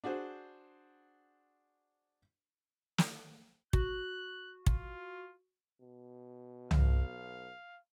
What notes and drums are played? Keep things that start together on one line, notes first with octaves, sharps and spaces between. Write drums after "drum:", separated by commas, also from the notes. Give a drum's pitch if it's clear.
D4 F#4 G#4 C5
drum: snare
F#4 F#6, drum: kick
F4, drum: kick
B2
B1 F5, drum: tom